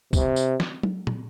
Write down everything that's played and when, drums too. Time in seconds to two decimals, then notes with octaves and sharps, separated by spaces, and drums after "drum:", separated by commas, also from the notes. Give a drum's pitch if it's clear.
0.13 C3, drum: kick, tambourine
0.36 drum: tambourine
0.60 drum: snare
0.83 drum: tom F#3
1.07 drum: tom